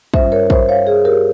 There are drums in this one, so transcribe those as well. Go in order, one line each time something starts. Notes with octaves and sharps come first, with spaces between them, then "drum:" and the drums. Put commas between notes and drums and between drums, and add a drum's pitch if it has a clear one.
G2 G3 C#4 F4 C5 E5, drum: kick
A#4 C#5
C5 E5, drum: kick
C#5 F5
G#4
G4 A#4